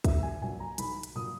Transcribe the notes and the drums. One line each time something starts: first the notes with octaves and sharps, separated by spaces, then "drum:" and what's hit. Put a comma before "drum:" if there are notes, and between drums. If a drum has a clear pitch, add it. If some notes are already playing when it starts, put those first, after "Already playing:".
B1 E5, drum: kick, hi-hat
G#5
A#2 F#3 G#5
A#5
B1 B5, drum: hi-hat
drum: hi-hat
A#2 F#3 D#6